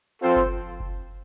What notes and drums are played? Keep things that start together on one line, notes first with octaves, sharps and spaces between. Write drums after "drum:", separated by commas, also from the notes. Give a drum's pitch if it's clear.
F3 C4 F4 A4 C5
drum: kick F#1
drum: kick F#1